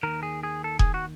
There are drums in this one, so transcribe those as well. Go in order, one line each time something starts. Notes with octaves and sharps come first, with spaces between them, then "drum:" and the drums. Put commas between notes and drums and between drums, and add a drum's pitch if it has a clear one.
D#2 D#3 A#4
G#4
G#4
A4
G#4, drum: kick E1
F#4